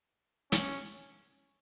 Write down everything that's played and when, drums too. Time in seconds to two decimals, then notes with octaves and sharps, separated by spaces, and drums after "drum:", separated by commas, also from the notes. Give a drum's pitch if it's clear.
0.52 C#4, drum: hi-hat